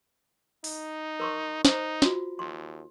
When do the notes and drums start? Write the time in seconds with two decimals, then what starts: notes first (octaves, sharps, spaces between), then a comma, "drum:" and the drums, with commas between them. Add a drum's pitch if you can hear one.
0.64 D#4, drum: open hi-hat
1.20 A#4 C6 C#6
1.65 D#4 C5 A#5, drum: snare
2.02 F4 F#4, drum: snare
2.39 D#2 C6